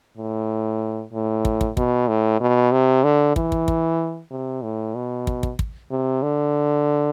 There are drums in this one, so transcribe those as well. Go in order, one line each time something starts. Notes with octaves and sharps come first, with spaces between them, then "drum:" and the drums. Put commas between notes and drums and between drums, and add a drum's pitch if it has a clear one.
A2
A2
drum: kick
drum: kick
B2, drum: kick
A2
B2
C3
D3
E3, drum: kick
drum: kick
drum: kick
C3
A2
B2
drum: kick
drum: kick
drum: kick
C3
D3